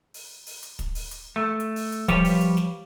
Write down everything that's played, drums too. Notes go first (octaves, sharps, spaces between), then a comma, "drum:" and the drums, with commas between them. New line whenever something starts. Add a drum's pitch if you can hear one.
drum: open hi-hat
drum: open hi-hat
drum: hi-hat
drum: kick, hi-hat
drum: open hi-hat
drum: hi-hat
A3
drum: hi-hat
drum: open hi-hat
drum: hi-hat
F3 G3 F4 G4 B4 C#5, drum: kick, hi-hat
drum: open hi-hat
drum: hi-hat
drum: snare